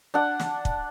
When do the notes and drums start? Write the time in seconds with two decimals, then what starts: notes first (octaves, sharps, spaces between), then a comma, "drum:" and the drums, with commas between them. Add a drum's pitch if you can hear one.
0.14 D4 F#5
0.39 drum: snare
0.65 drum: kick